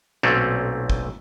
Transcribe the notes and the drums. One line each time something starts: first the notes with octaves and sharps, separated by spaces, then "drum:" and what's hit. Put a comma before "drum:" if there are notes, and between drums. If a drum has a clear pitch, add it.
B1 A#2 A3 C4 C#4
drum: kick